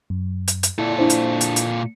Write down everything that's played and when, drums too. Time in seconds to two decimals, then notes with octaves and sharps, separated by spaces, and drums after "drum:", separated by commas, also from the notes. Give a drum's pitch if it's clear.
0.10 F#2
0.48 drum: hi-hat
0.63 drum: hi-hat
0.79 A#2 E4 A4 D5
0.98 D4 E4 C5
1.10 drum: hi-hat
1.41 drum: hi-hat
1.56 drum: hi-hat